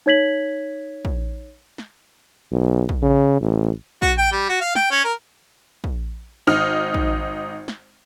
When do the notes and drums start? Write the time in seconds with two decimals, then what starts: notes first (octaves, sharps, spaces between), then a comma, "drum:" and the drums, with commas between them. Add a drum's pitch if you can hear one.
0.06 D#4 C#5 G#6 B6 F#7
1.05 drum: kick
1.78 drum: snare
2.52 B1
2.89 drum: kick
3.03 C#3
3.40 A1
4.02 F#4, drum: kick
4.18 G5
4.32 G3
4.49 F#4
4.61 F5
4.75 G5, drum: snare
4.91 C#4
5.04 A#4
5.84 drum: kick
6.47 G#1 D#4 F6
6.94 drum: kick
7.68 drum: snare